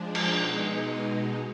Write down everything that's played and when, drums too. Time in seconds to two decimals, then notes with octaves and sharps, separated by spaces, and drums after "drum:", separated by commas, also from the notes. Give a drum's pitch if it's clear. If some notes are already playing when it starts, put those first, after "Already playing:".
Already playing: F3 G#3 D4
0.15 drum: cymbal
0.33 B2 G#3 D#4 F#5
0.84 G#5